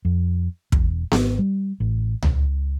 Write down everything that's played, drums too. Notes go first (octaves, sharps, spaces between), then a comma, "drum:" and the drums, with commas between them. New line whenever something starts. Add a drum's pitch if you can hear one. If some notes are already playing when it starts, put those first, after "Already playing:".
F2
E1, drum: kick
G#1, drum: snare B3
G3
A1
C#2, drum: tom D2